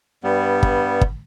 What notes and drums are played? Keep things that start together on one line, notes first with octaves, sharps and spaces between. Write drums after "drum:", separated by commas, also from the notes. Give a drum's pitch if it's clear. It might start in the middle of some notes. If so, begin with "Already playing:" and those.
G2 G3 B3
drum: kick
drum: kick